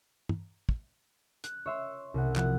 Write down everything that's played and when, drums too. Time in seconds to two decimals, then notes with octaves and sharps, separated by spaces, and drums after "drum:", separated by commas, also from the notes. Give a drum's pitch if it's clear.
0.29 drum: tom
0.69 drum: kick
1.44 F#6, drum: hi-hat
1.66 C#5 E5 C6
2.14 C2 F#5
2.36 F3 F#5, drum: clap